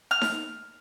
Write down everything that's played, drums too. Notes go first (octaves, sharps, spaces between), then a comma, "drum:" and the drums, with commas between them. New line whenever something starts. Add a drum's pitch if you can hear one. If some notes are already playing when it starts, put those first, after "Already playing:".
F6
drum: snare D#4